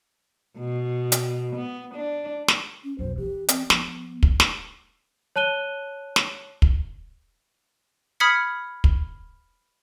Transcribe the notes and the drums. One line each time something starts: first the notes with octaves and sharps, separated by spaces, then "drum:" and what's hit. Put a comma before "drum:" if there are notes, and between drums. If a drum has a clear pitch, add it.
B2
drum: hi-hat
B3
D4
drum: snare
C#4
B1 F2 C5
E3 G4
C4, drum: hi-hat
F3 B3, drum: snare
drum: kick
drum: snare
C#5 A5 F#6 D#7 G7
drum: snare
drum: kick
B5 D#6 F6 G#6 B6 C#7
drum: kick